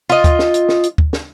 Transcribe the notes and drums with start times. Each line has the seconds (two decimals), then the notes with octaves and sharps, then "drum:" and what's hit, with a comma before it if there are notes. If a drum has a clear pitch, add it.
0.10 F4 D#5
0.24 drum: kick, hi-hat
0.39 drum: snare
0.54 drum: hi-hat
0.69 drum: snare
0.83 drum: hi-hat
0.98 drum: kick
1.13 drum: snare